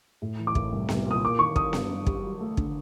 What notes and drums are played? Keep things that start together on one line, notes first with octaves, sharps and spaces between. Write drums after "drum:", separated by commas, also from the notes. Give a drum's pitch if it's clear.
A2
E3
D6
A2, drum: kick
C2
C2, drum: snare B3
A#2
D#6
A#3 D6
D#3 C#6
D#3 D#6, drum: kick
G2, drum: snare B3
G2
G3, drum: kick
F#3
A3
D3, drum: kick